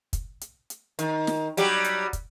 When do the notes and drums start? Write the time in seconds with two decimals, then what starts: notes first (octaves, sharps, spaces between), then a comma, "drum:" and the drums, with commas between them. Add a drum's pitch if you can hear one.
0.13 drum: kick, hi-hat
0.41 drum: hi-hat
0.70 drum: hi-hat
0.99 D#3, drum: hi-hat
1.27 drum: snare
1.57 F#3 G3 G4, drum: hi-hat
1.84 drum: hi-hat
2.13 drum: kick, hi-hat